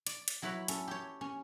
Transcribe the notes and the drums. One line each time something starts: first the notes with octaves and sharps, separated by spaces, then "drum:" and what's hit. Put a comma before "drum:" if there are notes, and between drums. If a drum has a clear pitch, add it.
D5, drum: hi-hat
drum: hi-hat
F#3 E4 B4 C#5 B5
C#4 A4, drum: hi-hat
G4 C#5
C#4